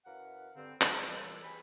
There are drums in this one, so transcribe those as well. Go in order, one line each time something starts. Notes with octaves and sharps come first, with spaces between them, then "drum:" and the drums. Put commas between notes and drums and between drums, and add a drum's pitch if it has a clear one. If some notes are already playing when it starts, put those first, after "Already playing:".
F#2 E3 A#4 F5 F#5
G2 D3 C4
G#2 G3, drum: clap
C#2 A#2 C#3 E3 G3 A4
G4 G#4 B4 C5 B5